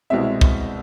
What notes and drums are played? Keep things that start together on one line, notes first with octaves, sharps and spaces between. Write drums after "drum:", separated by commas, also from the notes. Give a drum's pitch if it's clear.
C2 B2 G#3 C4 E5
drum: kick